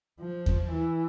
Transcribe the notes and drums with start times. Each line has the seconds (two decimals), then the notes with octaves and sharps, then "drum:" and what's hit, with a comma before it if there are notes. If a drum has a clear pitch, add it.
0.20 F3
0.46 drum: kick E2
0.72 E3